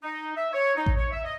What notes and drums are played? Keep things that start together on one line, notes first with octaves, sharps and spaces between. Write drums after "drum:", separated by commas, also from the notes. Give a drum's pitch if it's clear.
D#4
E5
C#5
D#4
drum: kick A1
C#5
E5
D#5